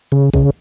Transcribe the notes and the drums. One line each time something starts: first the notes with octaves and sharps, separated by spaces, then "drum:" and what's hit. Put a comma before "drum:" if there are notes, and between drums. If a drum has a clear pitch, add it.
C#3
C#3, drum: kick